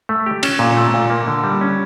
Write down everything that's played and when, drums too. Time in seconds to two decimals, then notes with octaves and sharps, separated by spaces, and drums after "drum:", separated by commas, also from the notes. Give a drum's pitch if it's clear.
0.09 A3
0.26 G4
0.43 C#4, drum: cymbal
0.59 A#2
0.77 A3
0.94 A#2
1.10 A#3
1.27 D3
1.44 G3
1.61 C#4